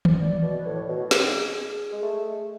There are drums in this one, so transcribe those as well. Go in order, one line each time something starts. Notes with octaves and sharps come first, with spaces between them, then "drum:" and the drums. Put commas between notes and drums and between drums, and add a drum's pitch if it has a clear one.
drum: tom D#3
D5
B2 D5
B4
A2 C#5
B2 F#4
G#4, drum: snare
G#3
A3